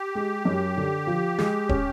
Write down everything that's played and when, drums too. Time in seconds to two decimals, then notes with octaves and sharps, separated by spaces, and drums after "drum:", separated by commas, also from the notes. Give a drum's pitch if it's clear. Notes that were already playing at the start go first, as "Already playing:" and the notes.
Already playing: G4
0.15 G#3
0.45 F#2
0.77 D3
1.07 F3
1.38 G#3, drum: snare
1.69 C#4, drum: kick